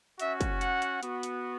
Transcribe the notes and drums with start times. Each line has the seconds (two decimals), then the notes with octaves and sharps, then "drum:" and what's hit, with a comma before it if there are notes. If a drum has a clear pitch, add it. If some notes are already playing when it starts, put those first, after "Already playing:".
0.19 C#4 F#4 E5, drum: hi-hat
0.41 drum: kick, hi-hat
0.61 F#5, drum: hi-hat
0.82 drum: hi-hat
1.03 B3 F#4, drum: hi-hat
1.23 drum: hi-hat